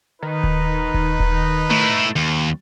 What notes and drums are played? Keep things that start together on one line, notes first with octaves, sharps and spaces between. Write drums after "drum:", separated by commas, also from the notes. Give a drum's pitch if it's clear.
D#3 D#4 B4
drum: kick D#1
drum: kick D#1
drum: kick D#1
A3 E4, drum: tom A3
D#2